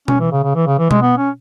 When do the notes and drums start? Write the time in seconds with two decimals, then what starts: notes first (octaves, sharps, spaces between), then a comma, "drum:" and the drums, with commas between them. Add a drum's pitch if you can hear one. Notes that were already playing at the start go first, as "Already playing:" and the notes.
0.08 C#4, drum: tom B2
0.20 E3
0.32 C#3
0.44 C#3
0.55 E3
0.67 C#3
0.79 E3
0.91 G#3, drum: tom B2
1.02 B3
1.18 C#4